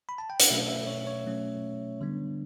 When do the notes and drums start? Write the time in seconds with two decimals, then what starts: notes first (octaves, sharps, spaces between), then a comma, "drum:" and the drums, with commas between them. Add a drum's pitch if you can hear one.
0.09 B5
0.18 A5
0.30 G5
0.40 F#5, drum: hi-hat
0.50 B2 F#3 A3 C#4 E5
0.69 E5
0.87 C#5
1.07 C#5
1.25 B2 F#3 A3 C#4
2.01 D3 G3 B3 D4